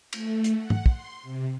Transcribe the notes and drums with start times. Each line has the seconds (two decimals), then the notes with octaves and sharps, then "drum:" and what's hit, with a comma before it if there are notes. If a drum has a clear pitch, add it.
0.13 A3, drum: cymbal
0.44 drum: hi-hat
0.55 F#5
0.70 drum: tom G#2
0.86 C6, drum: kick
1.23 C3